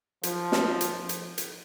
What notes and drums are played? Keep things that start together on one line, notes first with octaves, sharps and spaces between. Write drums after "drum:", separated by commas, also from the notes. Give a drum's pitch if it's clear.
F3, drum: hi-hat
drum: snare
drum: hi-hat
drum: hi-hat
drum: hi-hat